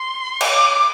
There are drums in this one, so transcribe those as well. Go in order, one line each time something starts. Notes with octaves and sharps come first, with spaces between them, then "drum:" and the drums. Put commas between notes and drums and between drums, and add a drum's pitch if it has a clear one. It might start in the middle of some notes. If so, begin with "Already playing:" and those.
Already playing: C6
D6, drum: cymbal